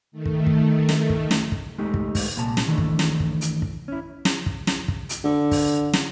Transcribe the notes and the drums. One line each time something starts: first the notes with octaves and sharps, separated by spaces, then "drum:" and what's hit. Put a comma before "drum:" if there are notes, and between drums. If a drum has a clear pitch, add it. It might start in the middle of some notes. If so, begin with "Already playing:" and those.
D#3 A3
drum: kick
drum: kick
drum: snare
drum: kick
drum: snare
drum: kick
G#3 A3 D#4 G4
drum: kick
drum: kick, open hi-hat
C2 A#2 G#5 A5
drum: snare
D#3 E3 A3 C#4 D4
drum: kick
drum: snare
drum: kick
drum: hi-hat
drum: kick
C#4 E4
drum: snare
drum: kick
drum: snare
drum: kick
drum: hi-hat
D3
drum: kick, open hi-hat
drum: snare